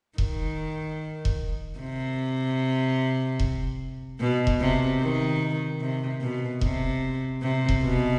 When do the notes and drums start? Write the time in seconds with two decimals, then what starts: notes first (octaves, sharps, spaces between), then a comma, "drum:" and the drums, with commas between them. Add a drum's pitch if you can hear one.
0.18 D#3, drum: kick E1
1.25 drum: kick E1
1.79 C3
3.40 drum: kick E1
4.20 B2
4.47 drum: kick E1
4.60 C3
5.01 D#3
5.81 C3
6.21 B2
6.61 C3, drum: kick E1
7.41 C3
7.69 drum: kick E1
7.83 B2